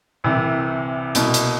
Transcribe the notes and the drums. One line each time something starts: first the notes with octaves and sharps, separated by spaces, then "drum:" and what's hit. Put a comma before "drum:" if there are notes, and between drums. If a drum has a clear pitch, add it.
C2 C3 E3
C2 B2, drum: hi-hat
drum: hi-hat